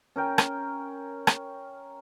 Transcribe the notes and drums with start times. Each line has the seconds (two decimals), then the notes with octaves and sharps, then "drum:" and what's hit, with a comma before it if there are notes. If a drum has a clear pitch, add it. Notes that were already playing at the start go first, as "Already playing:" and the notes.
0.16 C#4 A#4 G5
0.38 drum: rim click
1.27 drum: rim click